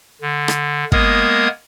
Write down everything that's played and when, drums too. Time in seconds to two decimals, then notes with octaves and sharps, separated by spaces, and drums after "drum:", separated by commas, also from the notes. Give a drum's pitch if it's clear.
0.21 D3
0.48 drum: rim click
0.92 G#3 A#3 B3 A#4 D#6 G#6, drum: kick